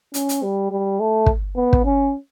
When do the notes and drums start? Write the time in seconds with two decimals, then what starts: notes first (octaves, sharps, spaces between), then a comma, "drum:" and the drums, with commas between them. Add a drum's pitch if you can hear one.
0.14 C#4, drum: hi-hat
0.29 drum: hi-hat
0.43 G3
0.71 G3
1.00 A3
1.26 drum: kick
1.56 B3
1.73 drum: kick
1.85 C#4